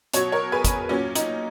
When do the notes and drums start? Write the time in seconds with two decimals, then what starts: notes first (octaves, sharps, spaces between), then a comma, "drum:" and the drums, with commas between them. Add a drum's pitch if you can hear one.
0.14 B2 F#3 C#5, drum: hi-hat
0.32 A#4 C#5
0.52 G#4 B4
0.65 drum: kick, hi-hat
0.89 A#2 F#3 C#4
1.15 D#4, drum: hi-hat